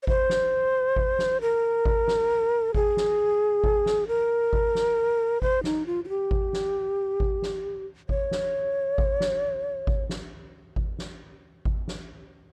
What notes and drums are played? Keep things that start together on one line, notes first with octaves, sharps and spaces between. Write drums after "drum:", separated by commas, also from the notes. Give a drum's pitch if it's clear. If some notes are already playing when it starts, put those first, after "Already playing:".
C#5
C5, drum: kick G#1
drum: snare
drum: kick G#1
drum: snare
A#4
drum: kick G#1
drum: snare
G#4, drum: kick G#1
drum: snare
drum: kick G#1
drum: snare
A#4
drum: kick G#1
drum: snare
C5, drum: kick G#1
D#4, drum: snare
F4
F4
G4
drum: kick G#1
drum: snare
drum: kick G#1
drum: snare
C#5, drum: kick G#1
drum: snare
drum: kick G#1
drum: snare
drum: kick G#1
drum: snare
drum: kick G#1
drum: snare
drum: kick G#1
drum: snare